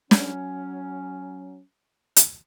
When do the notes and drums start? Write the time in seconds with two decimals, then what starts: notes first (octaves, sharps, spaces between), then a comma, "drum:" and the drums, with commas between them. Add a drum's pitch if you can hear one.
0.11 F#3 C#4, drum: snare
2.16 drum: hi-hat